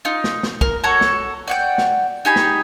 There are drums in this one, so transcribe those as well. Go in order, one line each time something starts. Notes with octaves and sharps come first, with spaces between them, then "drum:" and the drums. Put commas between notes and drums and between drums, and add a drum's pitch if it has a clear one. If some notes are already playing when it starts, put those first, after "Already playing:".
D#4 F4
drum: snare
drum: snare
A#4, drum: kick
F#4 A4 C#5 A#5
drum: snare
D5 F#5 G5
drum: snare
D#4 G4 G#4 B5
drum: snare